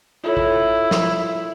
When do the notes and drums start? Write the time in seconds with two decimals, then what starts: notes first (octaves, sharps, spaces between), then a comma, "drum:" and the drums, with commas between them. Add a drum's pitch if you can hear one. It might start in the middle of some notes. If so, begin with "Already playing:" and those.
0.24 E4 F4 A4 C#5
0.37 drum: kick
0.91 drum: snare